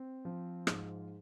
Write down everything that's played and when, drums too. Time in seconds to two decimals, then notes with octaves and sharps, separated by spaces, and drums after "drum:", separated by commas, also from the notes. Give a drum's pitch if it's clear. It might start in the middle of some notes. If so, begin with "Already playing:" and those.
Already playing: C4
0.25 F3
0.67 G#2, drum: rim click